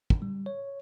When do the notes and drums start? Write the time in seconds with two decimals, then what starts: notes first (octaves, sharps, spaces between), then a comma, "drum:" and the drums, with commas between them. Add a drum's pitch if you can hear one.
0.10 drum: kick
0.22 G3
0.46 C#5